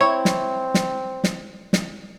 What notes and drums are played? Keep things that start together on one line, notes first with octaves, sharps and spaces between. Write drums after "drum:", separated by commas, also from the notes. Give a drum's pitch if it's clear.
C4 E4 C#5
drum: snare
drum: snare
drum: snare
drum: snare